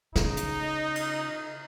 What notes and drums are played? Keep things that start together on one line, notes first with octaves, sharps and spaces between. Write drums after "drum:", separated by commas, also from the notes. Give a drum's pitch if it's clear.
C#3 D#4, drum: snare
drum: hi-hat
drum: cymbal